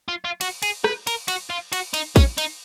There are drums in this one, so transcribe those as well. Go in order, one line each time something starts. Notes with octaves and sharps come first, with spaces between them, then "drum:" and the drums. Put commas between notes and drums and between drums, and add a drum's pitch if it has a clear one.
F4
F4
F#4, drum: cymbal
G#4, drum: cymbal
B4, drum: rim click
A#4, drum: cymbal
F#4, drum: cymbal
F4
F#4, drum: cymbal
D#4, drum: cymbal
C#4, drum: kick, cymbal
D#4, drum: cymbal